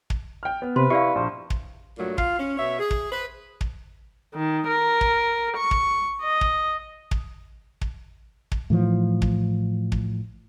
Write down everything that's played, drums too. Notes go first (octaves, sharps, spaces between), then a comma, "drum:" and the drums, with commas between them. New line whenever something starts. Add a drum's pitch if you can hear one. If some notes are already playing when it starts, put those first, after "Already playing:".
drum: kick
G5 F6
B3
C3 B4 C5 C6
E4 G4 D5 F5 C#6
A#1 C5
drum: kick
G2 A#2 F#3 A3
F4 F5, drum: kick
C#4
B2 C#5 E5
G#4
drum: kick
B4 C5
drum: kick
D#3
A#4
drum: kick
C#6
drum: kick
D#5
drum: kick
drum: kick
drum: kick
drum: kick
A2 E3 F3
drum: kick
drum: kick